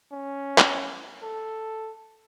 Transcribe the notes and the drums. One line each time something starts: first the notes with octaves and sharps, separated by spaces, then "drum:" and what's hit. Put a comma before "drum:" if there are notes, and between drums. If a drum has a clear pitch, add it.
C#4
drum: clap
A4